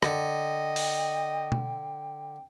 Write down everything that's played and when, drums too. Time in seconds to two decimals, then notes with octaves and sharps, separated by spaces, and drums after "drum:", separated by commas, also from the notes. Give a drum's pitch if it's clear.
0.03 D3 D#5 G5, drum: rim click
0.76 drum: open hi-hat
1.52 drum: tom B2